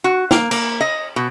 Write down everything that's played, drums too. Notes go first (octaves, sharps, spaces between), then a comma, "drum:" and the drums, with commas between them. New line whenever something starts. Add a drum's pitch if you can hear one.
F#4
A#3, drum: snare
A#3, drum: cymbal
D#5
B2